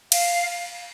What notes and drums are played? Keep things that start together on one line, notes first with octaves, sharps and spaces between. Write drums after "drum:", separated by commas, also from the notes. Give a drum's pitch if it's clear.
F5, drum: cymbal